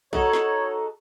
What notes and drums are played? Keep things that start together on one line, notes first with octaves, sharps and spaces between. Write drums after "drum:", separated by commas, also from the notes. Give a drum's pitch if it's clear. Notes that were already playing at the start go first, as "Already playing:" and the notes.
D#4 F#4 A4 C#5, drum: kick A#1
drum: snare